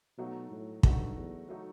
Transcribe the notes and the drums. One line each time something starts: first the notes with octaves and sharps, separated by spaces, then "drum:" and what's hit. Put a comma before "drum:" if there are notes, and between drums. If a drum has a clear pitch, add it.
B2 F#3 A3 D#4 F#4
A2
G2 F#3 A3 D#4 F#4, drum: kick
E2
F#3 A3 D#4 F#4